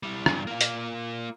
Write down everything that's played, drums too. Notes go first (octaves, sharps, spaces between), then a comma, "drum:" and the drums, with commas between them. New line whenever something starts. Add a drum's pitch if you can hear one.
G3 E4
G2 C#3, drum: rim click
A#3 F4
drum: hi-hat